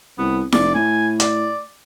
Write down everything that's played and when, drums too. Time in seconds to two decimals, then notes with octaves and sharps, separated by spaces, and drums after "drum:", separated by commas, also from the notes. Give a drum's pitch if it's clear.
0.18 C2 B3
0.52 F1 D5, drum: snare E4
0.74 A2 G#5
1.20 D5, drum: hi-hat